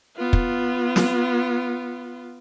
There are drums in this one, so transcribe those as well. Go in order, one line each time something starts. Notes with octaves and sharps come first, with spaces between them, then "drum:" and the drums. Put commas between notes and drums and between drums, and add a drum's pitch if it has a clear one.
B3 F4
drum: kick
drum: snare